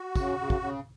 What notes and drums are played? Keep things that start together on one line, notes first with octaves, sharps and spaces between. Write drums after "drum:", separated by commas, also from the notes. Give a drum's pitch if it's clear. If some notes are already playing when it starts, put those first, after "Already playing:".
Already playing: F#4
C#3, drum: kick, tambourine
C#3
drum: kick
C#3